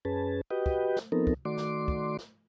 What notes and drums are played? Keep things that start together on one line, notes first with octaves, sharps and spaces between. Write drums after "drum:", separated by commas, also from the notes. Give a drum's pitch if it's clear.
F#2 C#4 G#4 B4 A5
F#4 G4 B4 D#5 G5
drum: kick
drum: snare
F3 B3 C4 D#4 A4 A#4
drum: kick
D#3 A3 F#4 D5 C6 D6
drum: snare
drum: kick
drum: snare